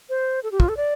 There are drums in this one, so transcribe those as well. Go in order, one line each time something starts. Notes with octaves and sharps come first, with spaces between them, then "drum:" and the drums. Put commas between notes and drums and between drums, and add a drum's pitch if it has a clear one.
C5
A4
G4
F4, drum: kick
A4
D5